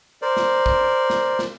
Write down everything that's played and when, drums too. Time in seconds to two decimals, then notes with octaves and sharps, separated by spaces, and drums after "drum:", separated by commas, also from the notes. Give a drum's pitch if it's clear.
0.22 A#4 C5 D5
0.37 drum: snare
0.66 drum: kick
1.10 drum: snare
1.39 drum: snare